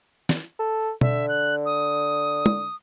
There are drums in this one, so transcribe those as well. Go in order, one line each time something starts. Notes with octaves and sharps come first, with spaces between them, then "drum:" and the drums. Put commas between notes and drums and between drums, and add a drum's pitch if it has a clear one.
drum: snare
A4
D3 E5, drum: tom B2
F#6
D#6
drum: tom